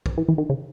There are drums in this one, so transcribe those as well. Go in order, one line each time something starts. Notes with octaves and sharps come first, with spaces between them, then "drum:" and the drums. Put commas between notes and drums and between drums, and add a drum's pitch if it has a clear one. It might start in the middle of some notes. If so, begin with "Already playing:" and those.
drum: kick
E3
E3
D#3
C#3